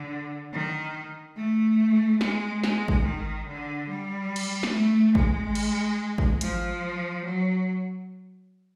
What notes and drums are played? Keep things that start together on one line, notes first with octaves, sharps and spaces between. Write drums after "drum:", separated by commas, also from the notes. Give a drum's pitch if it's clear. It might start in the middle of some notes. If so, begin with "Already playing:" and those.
Already playing: D3
D#3
A3
G#3, drum: snare
G#3, drum: snare
drum: kick
D#3
D3
G3
drum: cymbal
drum: snare
A3
G#3, drum: kick
drum: cymbal
drum: kick
F3, drum: hi-hat
F#3